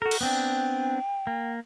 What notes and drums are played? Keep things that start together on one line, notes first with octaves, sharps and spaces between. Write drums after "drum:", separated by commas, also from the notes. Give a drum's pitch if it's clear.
F#4 A4 A#4
drum: cymbal
B3 C4 D4 G5
A#3